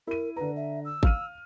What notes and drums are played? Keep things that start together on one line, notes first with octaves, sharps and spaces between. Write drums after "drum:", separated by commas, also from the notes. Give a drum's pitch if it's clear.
E4 A#4 D#7
D3 B4 A#5
E5
E6
F5 F6 D#7, drum: kick G#1